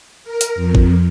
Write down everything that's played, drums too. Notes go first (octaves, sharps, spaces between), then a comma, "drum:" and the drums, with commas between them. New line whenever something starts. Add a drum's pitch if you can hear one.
A#4
drum: hi-hat
F2
drum: kick